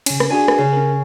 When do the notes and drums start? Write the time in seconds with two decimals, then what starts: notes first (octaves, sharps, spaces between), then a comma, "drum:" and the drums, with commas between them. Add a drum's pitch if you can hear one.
0.06 C#3 C#4, drum: cymbal
0.20 drum: rim click
0.30 D4 F#4 G#4 G#5
0.48 drum: rim click
0.58 C#3
0.73 C#4 A#4